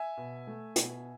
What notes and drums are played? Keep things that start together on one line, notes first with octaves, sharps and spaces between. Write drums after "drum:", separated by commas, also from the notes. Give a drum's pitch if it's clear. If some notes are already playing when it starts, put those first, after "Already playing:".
Already playing: E5 G#5
B2
A3
B2, drum: hi-hat